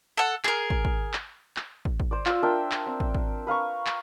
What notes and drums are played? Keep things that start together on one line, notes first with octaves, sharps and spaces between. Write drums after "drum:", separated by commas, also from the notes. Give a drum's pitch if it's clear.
A4 F#5
G#4 A#4, drum: clap
drum: kick
drum: kick
drum: clap
drum: clap
drum: kick
drum: kick
C5 D5
F4 E6, drum: clap
D4 A#4 E5 G5
drum: clap
C4
drum: kick
drum: kick
B4 F5 A#5 C#6
drum: clap